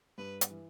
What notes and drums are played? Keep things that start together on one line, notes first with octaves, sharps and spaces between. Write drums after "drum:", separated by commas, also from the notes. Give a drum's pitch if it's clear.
G2 B4
drum: hi-hat
E3